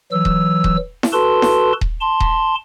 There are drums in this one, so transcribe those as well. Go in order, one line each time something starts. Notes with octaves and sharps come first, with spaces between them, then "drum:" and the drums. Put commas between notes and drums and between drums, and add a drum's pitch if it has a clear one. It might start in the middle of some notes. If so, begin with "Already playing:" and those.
E3 F#3 E6
drum: kick D#1
drum: kick D#1
drum: snare E4
F#4 A4 B4 A5 C6
drum: snare E4
drum: kick D#1
A5 C6
drum: kick D#1